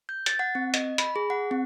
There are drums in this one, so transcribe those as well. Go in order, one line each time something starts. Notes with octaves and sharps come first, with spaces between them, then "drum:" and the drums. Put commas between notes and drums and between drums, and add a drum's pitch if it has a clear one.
G6
A6, drum: hi-hat
F#5
C4
D#5, drum: hi-hat
B5, drum: hi-hat
G#4
F#5
C4